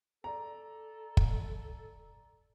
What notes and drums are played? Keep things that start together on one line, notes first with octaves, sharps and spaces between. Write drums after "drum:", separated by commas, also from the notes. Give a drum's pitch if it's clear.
A4 D5 A#5
drum: kick